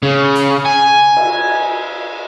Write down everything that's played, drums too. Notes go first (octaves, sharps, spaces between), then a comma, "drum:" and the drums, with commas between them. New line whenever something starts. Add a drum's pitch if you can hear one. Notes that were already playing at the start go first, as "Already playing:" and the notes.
C#3
drum: hi-hat
G#5
drum: cymbal